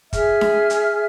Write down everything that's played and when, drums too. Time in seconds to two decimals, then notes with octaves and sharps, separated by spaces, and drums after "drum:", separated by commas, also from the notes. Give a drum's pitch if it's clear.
0.13 G#4 E5 F6, drum: kick, hi-hat
0.41 drum: snare D4
0.70 drum: hi-hat